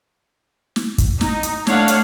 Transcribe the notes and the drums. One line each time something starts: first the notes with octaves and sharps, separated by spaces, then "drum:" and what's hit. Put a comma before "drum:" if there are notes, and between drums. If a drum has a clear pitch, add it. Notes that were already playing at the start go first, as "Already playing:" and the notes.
drum: snare
drum: kick, hi-hat
D#4, drum: snare
drum: hi-hat
A3 D4 C#5 F5 F#5, drum: snare
drum: hi-hat